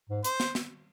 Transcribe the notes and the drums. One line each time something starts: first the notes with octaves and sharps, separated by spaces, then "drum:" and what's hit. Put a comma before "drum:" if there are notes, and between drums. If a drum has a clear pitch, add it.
G#2
C5, drum: hi-hat
drum: snare
drum: snare